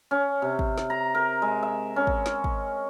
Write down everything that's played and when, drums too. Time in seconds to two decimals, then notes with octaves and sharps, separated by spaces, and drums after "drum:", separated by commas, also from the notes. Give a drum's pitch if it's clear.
0.11 C#4
0.42 C3
0.59 drum: kick
0.78 drum: snare
0.90 A#5
1.15 A#4
1.42 G#3
1.63 E5
1.96 C#4
2.07 drum: kick
2.26 drum: snare
2.44 drum: kick